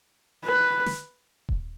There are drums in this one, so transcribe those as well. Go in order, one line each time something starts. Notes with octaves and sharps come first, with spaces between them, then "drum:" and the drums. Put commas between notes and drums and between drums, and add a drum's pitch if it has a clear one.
B4
drum: snare
drum: kick D#1